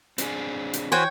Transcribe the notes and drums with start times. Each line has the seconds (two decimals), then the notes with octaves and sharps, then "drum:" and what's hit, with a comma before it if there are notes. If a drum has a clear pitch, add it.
0.18 C4 D4 G#4, drum: hi-hat
0.73 drum: hi-hat
0.92 E3 F#4 C5 C#5 G5 G#5